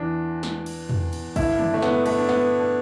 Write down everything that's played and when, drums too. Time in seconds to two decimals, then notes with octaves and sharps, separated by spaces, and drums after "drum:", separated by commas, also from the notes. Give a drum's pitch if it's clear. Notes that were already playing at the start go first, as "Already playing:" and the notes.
Already playing: E2 E3 D4
0.43 drum: snare
0.66 drum: cymbal
0.89 drum: tom
1.13 drum: cymbal
1.36 G2 D3 E4, drum: kick, cymbal
1.59 D4, drum: tom
1.74 A3
1.82 B3, drum: snare
2.06 A3, drum: cymbal
2.18 D4
2.29 B3, drum: snare
2.60 D4